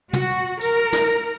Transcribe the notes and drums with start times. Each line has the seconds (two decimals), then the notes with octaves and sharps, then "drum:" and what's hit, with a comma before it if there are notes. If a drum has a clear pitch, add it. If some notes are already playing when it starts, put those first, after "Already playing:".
0.13 F#4, drum: tom
0.61 A#4, drum: tambourine
0.92 drum: snare